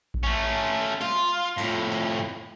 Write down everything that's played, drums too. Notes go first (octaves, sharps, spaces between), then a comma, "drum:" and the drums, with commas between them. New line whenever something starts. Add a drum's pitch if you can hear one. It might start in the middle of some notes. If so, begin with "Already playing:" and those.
drum: kick A1
A3 C#4
F4, drum: snare
F2 A2, drum: open hi-hat
drum: tambourine